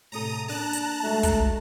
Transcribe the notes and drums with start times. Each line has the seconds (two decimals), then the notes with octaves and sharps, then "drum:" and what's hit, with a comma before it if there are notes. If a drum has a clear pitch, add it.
0.12 A2 C3 A4 A#5 D#6
0.48 A#3 D4 A5 A#5 F#6
0.73 drum: hi-hat
1.04 G#3 A3 F#4 E5
1.23 drum: kick, hi-hat